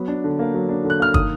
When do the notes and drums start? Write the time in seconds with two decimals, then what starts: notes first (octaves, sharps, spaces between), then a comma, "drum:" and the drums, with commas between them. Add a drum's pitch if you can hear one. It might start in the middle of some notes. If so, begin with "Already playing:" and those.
Already playing: F#3 B3
0.08 D4
0.24 D3
0.39 A#3
0.54 F#3
0.69 D4
0.85 D3
0.90 F#6
1.00 A#3 F6
1.14 D#3 D#6, drum: kick